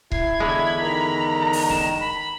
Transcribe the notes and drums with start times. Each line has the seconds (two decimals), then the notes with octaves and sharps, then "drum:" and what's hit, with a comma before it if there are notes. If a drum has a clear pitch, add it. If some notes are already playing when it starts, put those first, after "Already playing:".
0.12 E4 G#6 C7, drum: kick C#1
0.40 E2 D3 G#3 B5
0.81 D#3 A#5
1.53 drum: open hi-hat
1.70 E7, drum: snare
2.00 B5